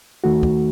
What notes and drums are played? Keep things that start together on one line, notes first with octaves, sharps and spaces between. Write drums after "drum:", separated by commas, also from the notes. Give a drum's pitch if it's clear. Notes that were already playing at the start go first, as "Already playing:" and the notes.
D#2 D#3 A3 F#4
drum: kick